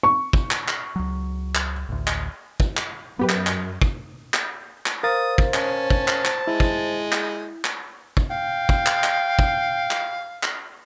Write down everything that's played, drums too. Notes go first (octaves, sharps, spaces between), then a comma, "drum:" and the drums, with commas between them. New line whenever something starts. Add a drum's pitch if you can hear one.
C#6
drum: kick
drum: clap
drum: clap
C#2 F#3
drum: clap
A1 D2
drum: clap
drum: kick
drum: clap
F#2 B3 G4 B4
drum: clap
drum: clap
drum: kick
drum: clap
drum: clap
A#4 C5 F5 D#6 A6
drum: kick
C#4 A5, drum: clap
drum: kick
drum: clap
drum: clap
G#3 E4
drum: kick
drum: clap
drum: clap
drum: kick
F5 G5
drum: kick
drum: clap
drum: clap
drum: kick
drum: clap
drum: clap